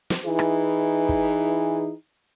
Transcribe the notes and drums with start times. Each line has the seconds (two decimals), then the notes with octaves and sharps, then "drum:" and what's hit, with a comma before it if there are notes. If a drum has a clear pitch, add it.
0.10 drum: snare
0.24 E3 D#4 E4 G#4 B4
0.39 drum: rim click
1.09 drum: kick